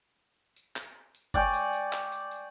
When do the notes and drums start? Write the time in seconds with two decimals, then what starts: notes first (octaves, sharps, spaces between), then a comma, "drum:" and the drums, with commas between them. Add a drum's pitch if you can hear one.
0.56 drum: tambourine
0.76 drum: clap
1.15 drum: tambourine
1.34 D5 G5 G#5 C#6, drum: kick, tambourine
1.54 drum: tambourine
1.73 drum: tambourine
1.93 drum: clap
2.12 drum: tambourine
2.31 drum: tambourine